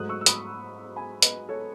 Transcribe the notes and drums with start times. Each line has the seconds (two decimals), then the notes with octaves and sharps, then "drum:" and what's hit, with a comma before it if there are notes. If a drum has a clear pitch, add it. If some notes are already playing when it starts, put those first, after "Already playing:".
Already playing: G#2 F#3 A3 D#6 F#6
0.09 C#6 E6
0.21 E6
0.26 B5 D#6, drum: hi-hat
0.96 G#5 B5
1.22 B4 D#5, drum: hi-hat
1.49 A4 C#5